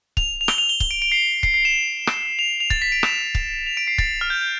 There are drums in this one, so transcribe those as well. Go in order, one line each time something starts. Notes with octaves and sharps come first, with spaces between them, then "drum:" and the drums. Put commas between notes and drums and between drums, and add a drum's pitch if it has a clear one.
F7, drum: kick
F7
G7, drum: rim click
F7
G7
G7, drum: kick
D7
D7
C7
C7, drum: kick
C7
E7
drum: rim click
F7
F7
A6, drum: kick
B6
D7
E7, drum: rim click
drum: kick
F7
D7
C7
A6, drum: kick
F6
G6
G6